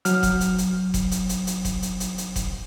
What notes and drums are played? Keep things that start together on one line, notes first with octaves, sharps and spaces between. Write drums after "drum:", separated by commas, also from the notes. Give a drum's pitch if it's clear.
F#3 F6, drum: hi-hat
drum: kick F1, hi-hat
drum: hi-hat
drum: hi-hat
drum: kick F1, hi-hat
drum: hi-hat
drum: hi-hat
drum: hi-hat
drum: kick F1, hi-hat
drum: hi-hat
drum: hi-hat
drum: hi-hat
drum: kick F1, hi-hat